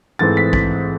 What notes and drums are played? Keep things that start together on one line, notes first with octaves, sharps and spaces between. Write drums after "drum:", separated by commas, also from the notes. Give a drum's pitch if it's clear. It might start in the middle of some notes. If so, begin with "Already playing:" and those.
G#2 E3 A3 C4 A6
B6
drum: kick